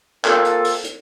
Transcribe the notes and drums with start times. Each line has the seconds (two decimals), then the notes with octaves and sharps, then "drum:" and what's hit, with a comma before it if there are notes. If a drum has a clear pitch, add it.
0.25 A#3 C4 F4 A4, drum: clap
0.44 drum: hi-hat
0.64 drum: open hi-hat
0.84 drum: hi-hat